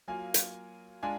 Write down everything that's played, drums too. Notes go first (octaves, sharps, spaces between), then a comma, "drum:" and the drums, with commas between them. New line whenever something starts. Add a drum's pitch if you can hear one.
F#3 A#3 F4 G#5
drum: hi-hat
G#3 D4 F4 G#5